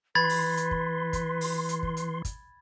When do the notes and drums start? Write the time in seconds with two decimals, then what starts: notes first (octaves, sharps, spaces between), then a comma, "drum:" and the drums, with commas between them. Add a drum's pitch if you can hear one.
0.15 E3 B4 B5 C6 G#6 A6
0.29 drum: open hi-hat
0.57 drum: hi-hat
0.71 drum: kick
1.13 drum: kick, hi-hat
1.41 drum: open hi-hat
1.69 drum: hi-hat
1.83 drum: kick
1.97 drum: hi-hat
2.25 drum: kick, hi-hat